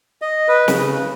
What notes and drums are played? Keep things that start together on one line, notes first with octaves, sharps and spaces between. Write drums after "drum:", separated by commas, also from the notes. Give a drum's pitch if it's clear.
D#5
B4
C#3, drum: snare